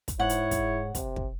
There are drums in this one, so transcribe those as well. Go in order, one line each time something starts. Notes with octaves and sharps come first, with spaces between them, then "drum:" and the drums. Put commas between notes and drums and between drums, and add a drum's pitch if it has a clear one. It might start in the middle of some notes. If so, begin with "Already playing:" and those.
drum: kick, hi-hat
G#2 E4 C#5 F#5
drum: hi-hat
drum: kick, hi-hat
C3, drum: kick, hi-hat
drum: kick